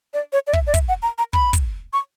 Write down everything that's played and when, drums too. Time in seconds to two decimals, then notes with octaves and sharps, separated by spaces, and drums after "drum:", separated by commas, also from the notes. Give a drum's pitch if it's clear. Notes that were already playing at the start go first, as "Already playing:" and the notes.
0.14 D5
0.33 C#5
0.47 D5
0.53 E5, drum: kick
0.67 D5
0.74 E5, drum: kick, hi-hat
0.88 F#5
1.02 A#5
1.18 A#5
1.33 B5, drum: kick
1.53 drum: kick, hi-hat
1.93 C#6